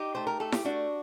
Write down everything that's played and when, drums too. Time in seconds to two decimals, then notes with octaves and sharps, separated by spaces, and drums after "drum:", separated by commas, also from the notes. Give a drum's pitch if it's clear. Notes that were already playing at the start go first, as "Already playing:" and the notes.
Already playing: D#4 G4
0.15 A3 C5
0.27 A#4
0.40 A3 A4
0.52 G4, drum: snare E4
0.64 A3 D4 F#4